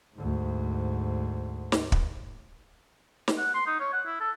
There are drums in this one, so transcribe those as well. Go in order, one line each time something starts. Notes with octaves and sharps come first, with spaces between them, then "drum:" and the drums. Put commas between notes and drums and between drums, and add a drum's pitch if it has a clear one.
D2 G#2
drum: snare
drum: kick
drum: snare
F#5
C6
D#4
C#5
F#5
E4
A4